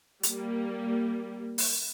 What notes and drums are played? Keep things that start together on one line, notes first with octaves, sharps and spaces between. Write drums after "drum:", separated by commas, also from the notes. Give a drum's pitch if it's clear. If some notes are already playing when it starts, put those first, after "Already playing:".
G3 A#3, drum: hi-hat
drum: open hi-hat